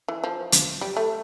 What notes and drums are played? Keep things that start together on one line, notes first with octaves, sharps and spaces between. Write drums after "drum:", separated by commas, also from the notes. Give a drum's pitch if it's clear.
E3
F3
drum: hi-hat
G3
A3